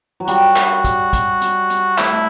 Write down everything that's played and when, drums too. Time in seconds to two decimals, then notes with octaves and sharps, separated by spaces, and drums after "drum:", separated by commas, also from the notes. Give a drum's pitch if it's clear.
0.20 F#3
0.27 G3 F#4, drum: hi-hat
0.56 drum: clap
0.84 drum: kick, hi-hat
1.13 drum: kick, hi-hat
1.41 drum: hi-hat
1.70 drum: hi-hat
1.98 A3 E4, drum: clap
2.12 A3